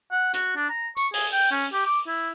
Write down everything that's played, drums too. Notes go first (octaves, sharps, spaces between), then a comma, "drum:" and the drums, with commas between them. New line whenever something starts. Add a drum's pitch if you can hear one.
F#5
F#4, drum: hi-hat
D4
A#5
C#6, drum: tambourine
G#4, drum: open hi-hat
G5
C#4
G4
D6
E4